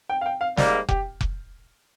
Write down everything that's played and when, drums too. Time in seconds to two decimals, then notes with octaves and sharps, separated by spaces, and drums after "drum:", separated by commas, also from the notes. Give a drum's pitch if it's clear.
0.09 G5
0.21 F5
0.26 G5
0.41 F5
0.57 G#2 G3 A#3 D5, drum: snare
0.89 G4, drum: kick F1
1.21 drum: kick F1